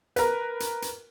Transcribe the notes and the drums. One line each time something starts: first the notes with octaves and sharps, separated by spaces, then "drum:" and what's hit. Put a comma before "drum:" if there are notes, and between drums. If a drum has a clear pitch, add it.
A#4 B4, drum: hi-hat
drum: hi-hat
drum: hi-hat